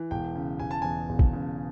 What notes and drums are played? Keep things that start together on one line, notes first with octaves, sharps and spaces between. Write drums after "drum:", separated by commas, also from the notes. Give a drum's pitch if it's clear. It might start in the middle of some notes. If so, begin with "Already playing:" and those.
Already playing: E3
E1 G5
C#3
E1 G#5
A5
E2 G#5
E1
drum: kick A#1
C#3